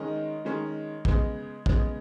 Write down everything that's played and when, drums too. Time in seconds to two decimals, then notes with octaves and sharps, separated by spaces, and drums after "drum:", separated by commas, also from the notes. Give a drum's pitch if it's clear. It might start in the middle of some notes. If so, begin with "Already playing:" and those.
Already playing: D#3 G#3 C#4 D#5
0.45 D#3 G#3 C#4
1.05 C#3 G#3 B3, drum: kick
1.66 C#3 G#3 B3, drum: kick